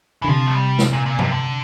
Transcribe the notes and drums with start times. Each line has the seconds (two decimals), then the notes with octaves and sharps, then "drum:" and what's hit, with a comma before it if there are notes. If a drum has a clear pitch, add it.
0.22 D3 E3
0.28 C3 F3
0.46 A3
0.54 G3
0.79 drum: snare
0.93 A#2
1.06 A#2
1.19 C3, drum: tom G2
1.32 D3